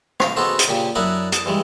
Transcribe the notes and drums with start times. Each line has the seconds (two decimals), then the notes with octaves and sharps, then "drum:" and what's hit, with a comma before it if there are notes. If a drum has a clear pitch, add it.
0.20 F5, drum: rim click
0.36 B3 D#4 F#4 G#4 A4 C5
0.59 drum: hi-hat
0.68 A#2 C#3 G4
0.95 F#2 D4 E4 A#4 F#5 D#6
1.32 A5 D#6, drum: hi-hat
1.46 G2 E3 G#3